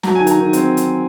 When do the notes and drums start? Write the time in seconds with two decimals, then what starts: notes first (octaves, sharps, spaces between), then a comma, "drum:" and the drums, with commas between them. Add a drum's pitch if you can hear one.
0.03 F#3 A#5, drum: snare
0.15 D#3 G#5
0.27 A#5, drum: hi-hat
0.36 D#3
0.53 C4, drum: hi-hat
0.77 drum: hi-hat